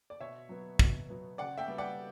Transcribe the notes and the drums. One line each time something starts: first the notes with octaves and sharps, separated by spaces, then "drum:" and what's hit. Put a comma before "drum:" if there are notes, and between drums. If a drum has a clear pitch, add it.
D5
B2 C#5 E5
F#3 B3
B2, drum: kick
F#3 B3
C#3 D5 F#5
E5 G5
G3 B3
D5 F#5